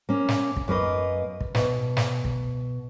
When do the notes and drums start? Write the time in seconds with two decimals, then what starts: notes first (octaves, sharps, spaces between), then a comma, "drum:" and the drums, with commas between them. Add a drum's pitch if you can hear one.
0.09 A#3 C#4
0.28 drum: snare
0.56 drum: kick
0.68 F#2 A#3 B4 D#5
1.41 drum: kick
1.55 B2, drum: snare
1.97 drum: snare
2.25 drum: kick